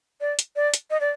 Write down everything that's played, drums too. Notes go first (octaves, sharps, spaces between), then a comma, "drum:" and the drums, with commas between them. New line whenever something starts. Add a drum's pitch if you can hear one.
D5
drum: hi-hat
D5
drum: hi-hat
D#5
D5